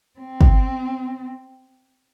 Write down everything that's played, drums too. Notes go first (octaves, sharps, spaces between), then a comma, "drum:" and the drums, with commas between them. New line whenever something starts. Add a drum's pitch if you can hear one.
C4
drum: kick